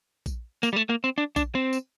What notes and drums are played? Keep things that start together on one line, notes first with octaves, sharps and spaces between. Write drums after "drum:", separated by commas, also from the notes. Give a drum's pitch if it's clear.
drum: kick A#1, tambourine
A#3, drum: tambourine
G3
A3
A#3
C4
D4
D4, drum: kick A#1, tambourine
C4
drum: tambourine